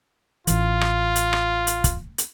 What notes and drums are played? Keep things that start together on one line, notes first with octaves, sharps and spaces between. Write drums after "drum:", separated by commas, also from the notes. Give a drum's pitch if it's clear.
A1 E3 F4, drum: hi-hat
drum: rim click
drum: hi-hat
drum: rim click
drum: hi-hat
drum: kick, hi-hat
drum: hi-hat